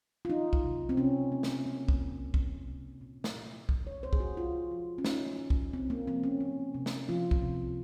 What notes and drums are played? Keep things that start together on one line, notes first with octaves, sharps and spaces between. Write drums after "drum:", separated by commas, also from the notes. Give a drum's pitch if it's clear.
F4
F#3 D#4
drum: kick
C3
C4
C3 C#4
A#3
drum: snare
A#3
drum: kick
C3
C3, drum: kick
C3
A#2
drum: snare
A#2
G#3, drum: kick
C#5
A#2 C5
G#4, drum: kick
F#4
F3 F4
F3
C#4
A#2 D#4, drum: snare
A#2
drum: kick
C3 C4
A#3
F3 C4
C#4
A#3
C3
drum: snare
F3 F4
drum: kick
C3